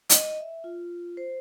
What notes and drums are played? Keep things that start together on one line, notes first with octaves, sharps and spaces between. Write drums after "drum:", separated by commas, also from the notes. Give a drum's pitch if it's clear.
D#5, drum: hi-hat
E5
F4
C5